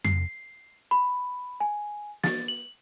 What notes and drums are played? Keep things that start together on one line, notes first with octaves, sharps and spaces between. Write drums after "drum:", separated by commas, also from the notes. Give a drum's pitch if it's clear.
C7, drum: tom F2
B5
G#5
A6, drum: snare
F#7